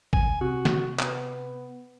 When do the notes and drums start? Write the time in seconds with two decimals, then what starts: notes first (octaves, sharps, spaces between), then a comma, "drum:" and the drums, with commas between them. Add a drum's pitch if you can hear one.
0.13 G#5, drum: kick
0.41 C3 F#4
0.65 drum: snare
0.99 B3, drum: clap